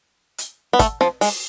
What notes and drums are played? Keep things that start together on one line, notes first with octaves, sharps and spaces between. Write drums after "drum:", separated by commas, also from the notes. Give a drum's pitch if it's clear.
drum: hi-hat
B3
A3, drum: kick, hi-hat
F3, drum: snare
G#3, drum: open hi-hat